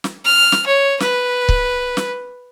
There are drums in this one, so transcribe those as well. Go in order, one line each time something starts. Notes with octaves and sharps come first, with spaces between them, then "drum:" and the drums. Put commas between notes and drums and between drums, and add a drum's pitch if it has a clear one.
drum: snare
F6
drum: snare
C#5
B4, drum: snare
drum: kick C#1
drum: snare